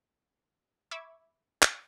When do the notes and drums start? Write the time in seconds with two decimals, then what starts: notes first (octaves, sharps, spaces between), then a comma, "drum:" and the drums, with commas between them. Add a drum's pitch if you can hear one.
0.91 E5 B5 C#6 D6 E6 G#6
1.62 drum: clap